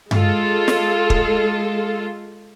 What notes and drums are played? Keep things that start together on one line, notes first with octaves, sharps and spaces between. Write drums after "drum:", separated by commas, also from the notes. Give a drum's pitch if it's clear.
G#3 F4 A4, drum: tom G2
drum: snare
drum: kick